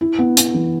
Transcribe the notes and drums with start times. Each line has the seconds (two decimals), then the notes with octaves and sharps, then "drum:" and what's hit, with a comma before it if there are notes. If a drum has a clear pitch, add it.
0.01 E4
0.19 B3
0.37 B3, drum: hi-hat
0.54 E3